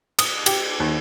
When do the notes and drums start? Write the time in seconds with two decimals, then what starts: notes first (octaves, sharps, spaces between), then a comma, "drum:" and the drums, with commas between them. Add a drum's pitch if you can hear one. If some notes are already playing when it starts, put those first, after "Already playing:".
0.19 D#6, drum: cymbal
0.46 G4, drum: cymbal
0.80 D#2